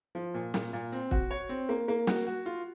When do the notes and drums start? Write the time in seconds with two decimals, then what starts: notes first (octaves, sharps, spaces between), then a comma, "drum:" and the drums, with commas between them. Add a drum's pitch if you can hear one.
0.15 F3
0.34 A#2
0.54 A#2, drum: snare
0.73 A#2
0.92 C4
1.11 F#4, drum: kick
1.31 C#5
1.49 C4
1.69 A#3
1.88 A#3
2.07 F#4, drum: snare
2.27 F#4
2.46 F4